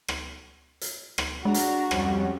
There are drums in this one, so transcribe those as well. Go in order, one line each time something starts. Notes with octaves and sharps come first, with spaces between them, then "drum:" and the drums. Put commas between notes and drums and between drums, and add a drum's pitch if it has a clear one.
drum: rim click
drum: hi-hat
drum: rim click
G#3 D4 F#4 A#5
drum: hi-hat
F2 G3 C#4, drum: rim click